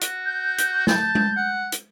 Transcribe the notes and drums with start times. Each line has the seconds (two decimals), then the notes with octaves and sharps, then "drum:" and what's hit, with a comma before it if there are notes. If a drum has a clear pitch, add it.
0.01 F#4, drum: hi-hat
0.25 G6
0.58 drum: hi-hat
0.87 A5, drum: snare
1.15 drum: tom G#3
1.37 F#5
1.72 drum: hi-hat